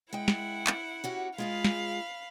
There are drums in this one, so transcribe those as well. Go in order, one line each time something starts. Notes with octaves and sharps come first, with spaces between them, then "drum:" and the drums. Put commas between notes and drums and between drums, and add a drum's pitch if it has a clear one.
G#3 E4 F#5 G5
drum: snare
drum: clap
C#4 F#4 G4
G#3 F4 G#4 F5 B5
drum: snare